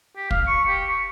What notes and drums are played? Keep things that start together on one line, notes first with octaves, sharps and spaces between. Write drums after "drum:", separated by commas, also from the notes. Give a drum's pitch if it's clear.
G4
F5, drum: kick
C#6
G4
C#6